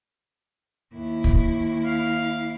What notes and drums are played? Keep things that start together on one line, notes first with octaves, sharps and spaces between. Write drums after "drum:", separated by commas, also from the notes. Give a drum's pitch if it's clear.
D#2 E4
drum: kick
F5